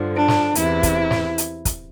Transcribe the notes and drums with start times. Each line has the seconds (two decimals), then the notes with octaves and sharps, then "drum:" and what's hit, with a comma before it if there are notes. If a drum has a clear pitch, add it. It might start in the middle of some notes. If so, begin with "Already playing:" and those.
Already playing: G2 D3 F3
0.15 D4
0.28 drum: snare
0.55 E2 C3 E3 E4, drum: hi-hat
0.83 drum: kick, hi-hat
1.10 drum: snare
1.38 drum: hi-hat
1.65 drum: kick, hi-hat